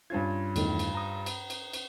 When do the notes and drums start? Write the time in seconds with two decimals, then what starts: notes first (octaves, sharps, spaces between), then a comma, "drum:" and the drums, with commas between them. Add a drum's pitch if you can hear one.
0.10 G2 C#4 F4 G#6
0.56 E2 A2 D#3, drum: cymbal
0.79 drum: cymbal
0.95 A#5 D#6
1.26 drum: cymbal
1.50 drum: cymbal
1.73 drum: cymbal